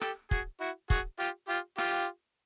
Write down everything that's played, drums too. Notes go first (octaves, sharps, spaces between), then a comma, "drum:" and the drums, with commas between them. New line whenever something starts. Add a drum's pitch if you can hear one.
G4 A4, drum: rim click
F#4 G#4, drum: kick
E4 F#4
F#4 G#4, drum: kick
F4 G4
F4 G4
F4 G4, drum: rim click